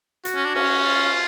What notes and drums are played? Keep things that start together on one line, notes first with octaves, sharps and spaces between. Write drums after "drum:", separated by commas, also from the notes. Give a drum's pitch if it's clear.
F#4, drum: hi-hat
C#4
D4
C#4, drum: cymbal
F4